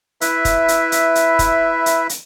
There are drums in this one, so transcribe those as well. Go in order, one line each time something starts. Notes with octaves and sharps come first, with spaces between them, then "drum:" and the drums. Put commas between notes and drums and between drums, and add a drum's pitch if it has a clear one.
E4 B4 E5, drum: hi-hat
drum: kick, hi-hat
drum: hi-hat
drum: hi-hat
drum: hi-hat
drum: kick, hi-hat
drum: hi-hat
drum: hi-hat